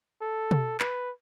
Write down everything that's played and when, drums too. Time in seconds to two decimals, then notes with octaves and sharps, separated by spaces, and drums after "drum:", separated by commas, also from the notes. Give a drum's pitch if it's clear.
0.21 A4
0.51 drum: tom
0.80 B4, drum: clap